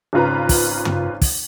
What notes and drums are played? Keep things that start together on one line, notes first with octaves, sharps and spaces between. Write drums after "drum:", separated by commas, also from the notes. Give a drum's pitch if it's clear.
G#1 C#3 F4 B4 A#5
drum: kick, open hi-hat
drum: tom
drum: kick, open hi-hat